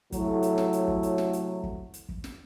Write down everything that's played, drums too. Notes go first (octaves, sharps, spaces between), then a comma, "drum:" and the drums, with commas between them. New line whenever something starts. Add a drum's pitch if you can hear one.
A2 C3 F#3 A3, drum: kick, hi-hat
drum: hi-hat
drum: snare
drum: hi-hat
drum: kick
drum: hi-hat
drum: snare
drum: hi-hat
drum: kick
drum: hi-hat
drum: kick
drum: snare